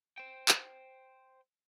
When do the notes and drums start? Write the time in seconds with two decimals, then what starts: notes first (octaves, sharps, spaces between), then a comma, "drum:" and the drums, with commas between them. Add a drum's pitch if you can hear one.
0.18 C5 G5
0.48 drum: clap